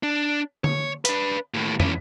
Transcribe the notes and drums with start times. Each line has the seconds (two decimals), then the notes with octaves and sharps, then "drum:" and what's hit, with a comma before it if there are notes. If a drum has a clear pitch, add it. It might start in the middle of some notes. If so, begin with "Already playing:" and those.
0.03 D4
0.64 C#5, drum: tom D3
1.05 D4 B4, drum: hi-hat
1.54 D#2 A2
1.80 E3 C#4, drum: tom